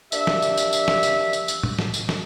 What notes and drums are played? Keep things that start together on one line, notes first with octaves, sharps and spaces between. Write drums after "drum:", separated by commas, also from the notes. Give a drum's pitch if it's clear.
A#3 D4 G4 E5, drum: tambourine
drum: snare
drum: tambourine
drum: tambourine
drum: tambourine
drum: snare
drum: tambourine
drum: tambourine
drum: tambourine
drum: tom A2
drum: snare
drum: tambourine
drum: snare